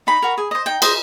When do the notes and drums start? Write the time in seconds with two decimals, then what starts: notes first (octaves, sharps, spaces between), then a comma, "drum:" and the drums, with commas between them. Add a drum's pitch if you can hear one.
0.07 D#4 B5
0.22 F#4 A#4
0.38 G#4
0.51 C5 D#5
0.66 D#4 G5
0.82 G#4 C5 D#5, drum: cymbal